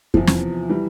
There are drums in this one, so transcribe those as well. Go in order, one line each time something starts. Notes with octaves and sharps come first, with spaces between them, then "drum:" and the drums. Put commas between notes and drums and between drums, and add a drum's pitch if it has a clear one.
E2 C3 F3, drum: kick F2
drum: snare
E3 G3